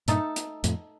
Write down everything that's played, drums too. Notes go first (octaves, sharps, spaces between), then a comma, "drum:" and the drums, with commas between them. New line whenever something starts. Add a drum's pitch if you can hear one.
G2 A#2 A3 D#4 A4, drum: hi-hat
drum: hi-hat
F2 A2, drum: hi-hat